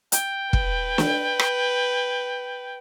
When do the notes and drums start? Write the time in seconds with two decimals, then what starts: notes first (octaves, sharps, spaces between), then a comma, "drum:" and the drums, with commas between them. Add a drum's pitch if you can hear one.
0.12 G5, drum: hi-hat
0.53 B4, drum: kick F1
0.98 drum: snare
1.39 drum: rim click